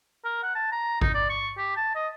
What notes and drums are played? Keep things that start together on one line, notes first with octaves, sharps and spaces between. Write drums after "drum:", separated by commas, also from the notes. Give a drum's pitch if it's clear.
A#4
F#5
A5
A#5
D#4, drum: kick G#1
D5
C#6
G4
A5
D#5